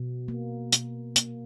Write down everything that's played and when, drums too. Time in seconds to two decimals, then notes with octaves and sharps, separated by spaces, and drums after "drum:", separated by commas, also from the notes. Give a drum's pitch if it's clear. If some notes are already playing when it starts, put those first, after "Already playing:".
Already playing: B2
0.28 A#3
0.72 B2, drum: hi-hat
1.16 A#3, drum: hi-hat